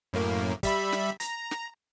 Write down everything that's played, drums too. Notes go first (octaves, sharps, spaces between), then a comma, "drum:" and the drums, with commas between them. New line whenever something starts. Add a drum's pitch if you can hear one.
F#2 A2 A#3
G3 E5 B5, drum: kick, hi-hat
drum: snare
A#5, drum: hi-hat
drum: snare